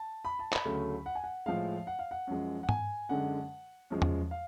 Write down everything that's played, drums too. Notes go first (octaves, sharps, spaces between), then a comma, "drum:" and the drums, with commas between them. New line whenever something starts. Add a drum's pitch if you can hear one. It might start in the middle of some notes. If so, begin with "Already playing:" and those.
Already playing: A5
B5
A5
B5, drum: clap
D2 C#3 F#3 A3
F#5
G#5
F#5
A2 F3 G#3 F5
F#5
F5
F#5
F#2 F3 G#3
F#5
G#5, drum: tom G#2
F#2 D3 G#3 F#5
F#2 F3 G#3
drum: tom E2
F5